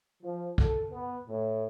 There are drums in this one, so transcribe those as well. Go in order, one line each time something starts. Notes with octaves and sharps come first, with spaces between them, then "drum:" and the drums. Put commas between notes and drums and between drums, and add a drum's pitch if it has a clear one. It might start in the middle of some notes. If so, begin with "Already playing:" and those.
F3
A4, drum: kick
B3
A2